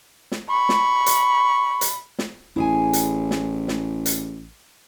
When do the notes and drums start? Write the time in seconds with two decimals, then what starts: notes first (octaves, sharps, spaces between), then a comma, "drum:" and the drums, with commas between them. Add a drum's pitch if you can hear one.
0.32 drum: snare
0.50 B5 C#6
0.69 drum: snare
1.06 drum: hi-hat
1.81 drum: hi-hat
2.19 drum: snare
2.56 A1 E4 G#4 G#5
2.93 drum: hi-hat
3.31 drum: snare
3.68 drum: snare
4.06 drum: hi-hat